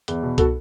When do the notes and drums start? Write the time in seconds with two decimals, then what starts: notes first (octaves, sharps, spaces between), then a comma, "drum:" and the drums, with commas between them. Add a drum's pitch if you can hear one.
0.08 E2, drum: hi-hat
0.23 B2
0.38 F#4 A4, drum: kick, hi-hat